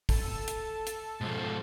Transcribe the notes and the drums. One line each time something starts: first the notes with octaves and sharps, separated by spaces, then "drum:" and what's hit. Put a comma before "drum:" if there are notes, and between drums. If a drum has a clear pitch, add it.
A4 A5, drum: kick, open hi-hat
drum: hi-hat
drum: hi-hat
G#2 B2 F3